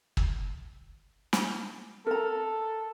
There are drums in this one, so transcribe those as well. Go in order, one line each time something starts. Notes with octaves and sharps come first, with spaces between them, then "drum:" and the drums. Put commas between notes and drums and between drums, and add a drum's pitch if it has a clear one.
drum: kick
drum: snare
A4 A#4 A#5